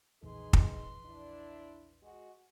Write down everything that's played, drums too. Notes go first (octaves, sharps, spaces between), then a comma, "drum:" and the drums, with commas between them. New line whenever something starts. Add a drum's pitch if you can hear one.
A#1 E2 D#4 G#4 B4 C6
drum: kick
D4 E4
G#3 F#4